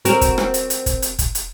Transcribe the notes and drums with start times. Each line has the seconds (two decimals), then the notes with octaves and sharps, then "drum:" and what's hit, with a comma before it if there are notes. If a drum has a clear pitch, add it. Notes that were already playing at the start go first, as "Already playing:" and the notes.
0.05 C4 F#4 A#4, drum: hi-hat
0.21 drum: kick, hi-hat
0.38 drum: rim click
0.54 drum: hi-hat
0.70 drum: hi-hat
0.86 drum: kick, hi-hat
1.02 drum: hi-hat
1.19 drum: kick, hi-hat
1.35 drum: hi-hat